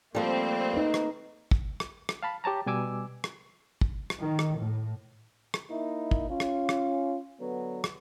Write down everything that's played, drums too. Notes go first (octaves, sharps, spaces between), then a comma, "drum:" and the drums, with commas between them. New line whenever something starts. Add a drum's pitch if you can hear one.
F3 G3 A3 A#3 C4
D#4 B4
drum: rim click
drum: kick
drum: rim click
drum: rim click
F5 A5 B5
G4 C#5 A5 A#5
B2 G3 G#5 D6 E6
drum: rim click
drum: kick
drum: rim click
D#3
drum: rim click
A2
drum: rim click
A#3 D#4 E4
drum: kick
C#4 F4
drum: rim click
drum: rim click
D3 F#3 B3
drum: rim click